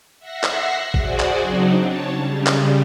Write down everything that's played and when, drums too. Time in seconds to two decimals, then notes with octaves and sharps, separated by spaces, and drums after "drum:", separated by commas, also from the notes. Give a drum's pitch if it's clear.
0.19 E5 F#5 A#6 C7
0.43 drum: clap
0.94 F#4 G#4 C5 D5, drum: kick
1.20 drum: clap
1.40 C#3 F#3 C4 D4 D#4
1.79 C#5 A5
2.11 C#3 G3
2.46 drum: clap